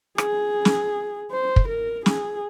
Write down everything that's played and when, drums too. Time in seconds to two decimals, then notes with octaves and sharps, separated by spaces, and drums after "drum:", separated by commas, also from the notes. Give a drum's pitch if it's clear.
0.18 G#4, drum: rim click
0.65 drum: snare
1.31 C5
1.56 drum: kick
1.68 A#4
2.06 G#4, drum: snare